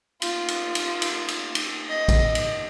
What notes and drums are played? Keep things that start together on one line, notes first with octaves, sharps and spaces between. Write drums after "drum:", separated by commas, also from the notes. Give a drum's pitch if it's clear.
F4, drum: cymbal
drum: cymbal
drum: cymbal
drum: cymbal
drum: cymbal
drum: cymbal
D#5
drum: kick, cymbal
drum: cymbal